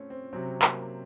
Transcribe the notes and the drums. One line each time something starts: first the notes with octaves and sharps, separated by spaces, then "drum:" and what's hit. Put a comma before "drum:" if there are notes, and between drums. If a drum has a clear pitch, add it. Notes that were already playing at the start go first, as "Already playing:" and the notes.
Already playing: A3 C4 C#4
C4
C3 F#3 C4 C#4
A#3, drum: clap